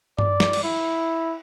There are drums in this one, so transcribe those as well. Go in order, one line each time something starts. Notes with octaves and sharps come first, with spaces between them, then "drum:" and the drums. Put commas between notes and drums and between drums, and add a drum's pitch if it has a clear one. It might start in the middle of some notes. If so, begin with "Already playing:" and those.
D5, drum: tom G2
drum: snare
drum: cymbal
E4